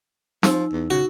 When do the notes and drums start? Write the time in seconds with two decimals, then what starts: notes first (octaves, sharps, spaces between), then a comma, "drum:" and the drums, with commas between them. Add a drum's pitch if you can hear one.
0.43 F3 D#4 E6, drum: snare
0.72 E2
0.90 C#3 F#4